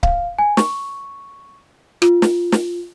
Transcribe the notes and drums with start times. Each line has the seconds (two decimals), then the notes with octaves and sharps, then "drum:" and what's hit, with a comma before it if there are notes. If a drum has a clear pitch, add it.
0.03 F5, drum: kick C#1
0.39 G#5
0.57 C#6, drum: snare
2.02 F4, drum: rim click
2.22 drum: snare
2.52 drum: snare